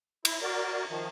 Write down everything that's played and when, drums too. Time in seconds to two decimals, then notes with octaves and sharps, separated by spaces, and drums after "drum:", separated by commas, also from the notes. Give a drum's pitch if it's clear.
0.25 E4, drum: cymbal
0.42 F#4 A#4 D5
0.90 D#3 F3